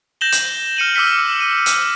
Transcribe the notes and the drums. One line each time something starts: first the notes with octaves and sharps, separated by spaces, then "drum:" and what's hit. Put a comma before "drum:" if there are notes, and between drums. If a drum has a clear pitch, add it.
G6 A#6 E7 F#7 G7
drum: hi-hat
F6 C#7 D#7 F#7
D6 E6 F6 B6 C#7
E6 D#7
drum: hi-hat